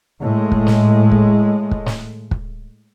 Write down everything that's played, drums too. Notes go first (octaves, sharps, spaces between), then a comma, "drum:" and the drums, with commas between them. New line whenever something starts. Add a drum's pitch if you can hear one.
A2 G#3
drum: kick
drum: snare
drum: kick
drum: kick
drum: snare
drum: kick